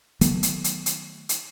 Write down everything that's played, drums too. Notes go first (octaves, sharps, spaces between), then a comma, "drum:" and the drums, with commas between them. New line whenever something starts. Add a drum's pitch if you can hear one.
D#3 F#3 A3 B3, drum: hi-hat
drum: hi-hat
drum: hi-hat
drum: hi-hat
drum: hi-hat